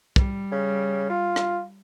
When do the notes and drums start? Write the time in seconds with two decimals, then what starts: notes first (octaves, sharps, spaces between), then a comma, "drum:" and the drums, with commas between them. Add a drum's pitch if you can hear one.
0.16 G3, drum: kick
0.52 C#3
1.10 F4
1.36 drum: rim click